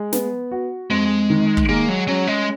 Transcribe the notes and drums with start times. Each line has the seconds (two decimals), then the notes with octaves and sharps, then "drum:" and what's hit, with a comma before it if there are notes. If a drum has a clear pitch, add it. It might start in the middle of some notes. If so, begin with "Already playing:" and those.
Already playing: G#3
0.12 B3, drum: snare
0.51 F#4
0.90 F2 G#3
1.30 D#3
1.57 drum: kick
1.69 G#3 A#3
1.89 F#3
2.07 F#3 C#4
2.27 G#3